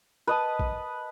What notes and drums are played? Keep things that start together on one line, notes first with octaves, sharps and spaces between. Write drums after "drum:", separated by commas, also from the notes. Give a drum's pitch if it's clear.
B4 D#5 A5
drum: kick